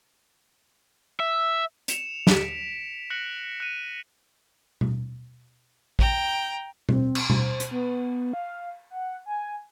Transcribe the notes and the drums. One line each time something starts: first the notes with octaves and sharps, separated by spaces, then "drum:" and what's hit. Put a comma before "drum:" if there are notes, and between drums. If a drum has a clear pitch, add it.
E5
C#7 E7 F7, drum: hi-hat
B6 D7, drum: snare
F#6 A#6 C#7 F#7
F#6 D#7
drum: tom B2
G5 A#5, drum: kick A1
C4, drum: tom B2
drum: cymbal
C5, drum: tom B2
drum: hi-hat
B3
F5
F#5
G#5